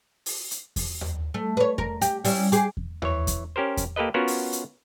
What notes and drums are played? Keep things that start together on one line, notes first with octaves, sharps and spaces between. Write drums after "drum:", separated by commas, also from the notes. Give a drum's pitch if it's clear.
drum: open hi-hat
drum: hi-hat
drum: kick E2, open hi-hat
drum: tom D#2
A3
B4 C#5
A#4, drum: kick E2
G4, drum: hi-hat
G3 C#4 E4, drum: open hi-hat
G4 G#4, drum: hi-hat
drum: kick E2
E3 C#5, drum: tom D#2
drum: kick E2, hi-hat
C#4 G4 A#4 C5
drum: kick E2, hi-hat
A#3 G4 A4 B4 D#5
B3 C#4 F4 F#4 A#4 C#5
drum: open hi-hat
drum: hi-hat